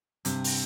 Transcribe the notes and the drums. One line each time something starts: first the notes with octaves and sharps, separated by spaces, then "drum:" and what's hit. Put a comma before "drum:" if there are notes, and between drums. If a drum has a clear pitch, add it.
G2 C3, drum: hi-hat
drum: open hi-hat